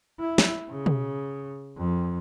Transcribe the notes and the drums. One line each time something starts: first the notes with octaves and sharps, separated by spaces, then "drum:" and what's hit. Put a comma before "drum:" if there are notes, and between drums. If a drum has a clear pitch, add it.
E4
drum: snare
C#3
drum: tom
F2